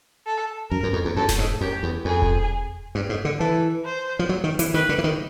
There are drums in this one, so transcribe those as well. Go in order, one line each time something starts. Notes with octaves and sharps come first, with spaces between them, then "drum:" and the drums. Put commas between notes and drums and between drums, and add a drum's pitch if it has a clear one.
A4
F#2 A#4
F#2
F2
E2
F#2 A4
drum: snare E1
G#2
F#2 G4
E2
F2 G#4
drum: kick E1
G2
G#2
D3
E3 A4
C5
F3
F#3
D#3
E3, drum: hi-hat
D#3 B4
D3
E3
D#3